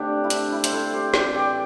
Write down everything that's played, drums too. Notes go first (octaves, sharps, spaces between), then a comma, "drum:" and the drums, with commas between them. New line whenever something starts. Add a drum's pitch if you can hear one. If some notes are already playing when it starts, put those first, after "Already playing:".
Already playing: D3 A3 C4 D4 G4
E4
D4, drum: hi-hat
E4
C5, drum: hi-hat
E4 A4
G4 C5
A2 E3 C4 D5 G5, drum: snare
D5 G5